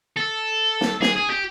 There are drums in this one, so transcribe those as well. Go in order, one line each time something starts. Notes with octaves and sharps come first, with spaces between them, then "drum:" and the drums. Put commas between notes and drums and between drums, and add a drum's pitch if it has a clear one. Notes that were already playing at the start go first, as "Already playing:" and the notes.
A4
drum: snare
G#4, drum: snare
G#4
G4